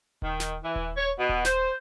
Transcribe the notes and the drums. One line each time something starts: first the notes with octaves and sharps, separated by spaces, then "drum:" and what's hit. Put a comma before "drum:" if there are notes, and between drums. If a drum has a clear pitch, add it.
D#3, drum: kick D#1
drum: snare
E3
drum: kick D#1
C#5
B2
drum: kick D#1
C5, drum: snare